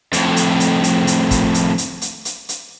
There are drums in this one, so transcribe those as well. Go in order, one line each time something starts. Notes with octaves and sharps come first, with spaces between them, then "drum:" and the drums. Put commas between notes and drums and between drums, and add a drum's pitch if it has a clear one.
F2 A2, drum: hi-hat
drum: hi-hat
drum: hi-hat
drum: hi-hat
drum: hi-hat
drum: kick, hi-hat
drum: hi-hat
drum: hi-hat
drum: hi-hat
drum: hi-hat
drum: hi-hat